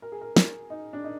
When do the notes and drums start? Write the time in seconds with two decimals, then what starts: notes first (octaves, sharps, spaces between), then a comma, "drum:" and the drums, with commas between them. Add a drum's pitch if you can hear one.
0.02 A#4
0.12 G#4
0.21 A#4
0.36 A#4, drum: snare
0.70 D#4
0.93 D4
1.04 D#4